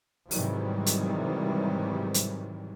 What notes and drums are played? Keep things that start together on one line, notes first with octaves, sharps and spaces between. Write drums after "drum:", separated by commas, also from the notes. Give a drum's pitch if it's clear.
G#2 C3 D#3 E3 F#3 G3, drum: open hi-hat
drum: hi-hat
drum: hi-hat